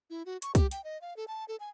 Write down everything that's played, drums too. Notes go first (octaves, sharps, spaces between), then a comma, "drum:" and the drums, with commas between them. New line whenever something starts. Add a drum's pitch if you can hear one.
E4
F#4
C#6, drum: hi-hat
G4, drum: kick, hi-hat
G5, drum: hi-hat
D#5
F5
A4
A5
A4
G#5